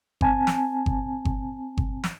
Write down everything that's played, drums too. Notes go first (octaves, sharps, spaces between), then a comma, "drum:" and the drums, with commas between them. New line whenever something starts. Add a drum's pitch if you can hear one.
C4 G#5 A5, drum: kick G1
drum: snare
drum: kick G1
drum: kick G1
drum: kick G1
drum: snare